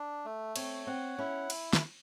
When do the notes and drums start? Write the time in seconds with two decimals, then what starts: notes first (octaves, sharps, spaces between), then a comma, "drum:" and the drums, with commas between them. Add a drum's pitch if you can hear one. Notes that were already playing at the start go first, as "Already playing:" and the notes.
Already playing: D4
0.25 A3
0.56 C4 C#5, drum: cymbal
0.87 C4 F#5
1.19 C#4 E4
1.50 drum: cymbal
1.73 drum: snare